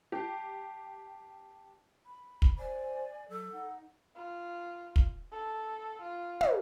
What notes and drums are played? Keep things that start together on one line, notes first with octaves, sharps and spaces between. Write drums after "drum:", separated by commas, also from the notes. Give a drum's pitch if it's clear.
G4 A5 D6 C7
B5
drum: kick
C5 D5 G#5
F#3 A4
D#4 F#5
F4
drum: kick
A4
F4
drum: tom